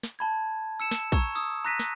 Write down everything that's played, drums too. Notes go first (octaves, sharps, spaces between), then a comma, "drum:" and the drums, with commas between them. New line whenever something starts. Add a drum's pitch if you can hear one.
drum: snare
A5 B5 G#6
E6 C#7 E7
drum: snare
A#5 C#6 E6 G#6, drum: kick, hi-hat
D#6 E6
A#5 F#6 A#6 B6 D#7
drum: snare